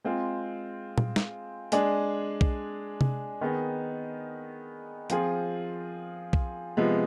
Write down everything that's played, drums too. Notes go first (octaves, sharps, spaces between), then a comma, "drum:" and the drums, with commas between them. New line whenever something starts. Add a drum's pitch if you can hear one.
G#3 C4 F4 G#4
drum: tom A#2
drum: snare
G#3 D4 G#4, drum: hi-hat
drum: kick B1
drum: tom C3
D#3 B3 D#4 G#4
F3 C4 F4 G#4, drum: hi-hat
drum: kick B1
C3 F3 G#3 B3